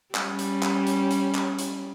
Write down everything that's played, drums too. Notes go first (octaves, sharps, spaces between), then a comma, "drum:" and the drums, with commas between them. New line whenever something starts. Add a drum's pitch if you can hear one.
G3 C#4, drum: clap
drum: hi-hat
drum: clap
drum: hi-hat
drum: hi-hat
drum: clap
drum: hi-hat